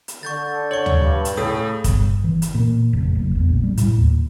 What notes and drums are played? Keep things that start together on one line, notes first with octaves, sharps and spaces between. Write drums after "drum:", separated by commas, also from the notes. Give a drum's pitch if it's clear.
drum: hi-hat
D3 C#6 G6 A6
C#5 C#6 F#7
drum: tom
G2
drum: hi-hat
A2 C#3 D#6
G1, drum: kick, hi-hat
E3
drum: hi-hat
A#2
F1
F#1
E1
A#1
G3
A2, drum: hi-hat
D#2